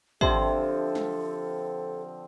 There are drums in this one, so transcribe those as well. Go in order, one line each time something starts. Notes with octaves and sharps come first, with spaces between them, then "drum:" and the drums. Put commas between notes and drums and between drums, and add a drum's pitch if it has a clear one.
D3 F3 C4 G4 A4 E5, drum: kick
drum: snare